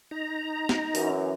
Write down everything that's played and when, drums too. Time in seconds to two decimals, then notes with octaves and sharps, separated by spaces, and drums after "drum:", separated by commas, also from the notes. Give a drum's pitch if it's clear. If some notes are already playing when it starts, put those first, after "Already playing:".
0.11 D#4 A#5
0.69 drum: snare
0.95 F#2 E3, drum: open hi-hat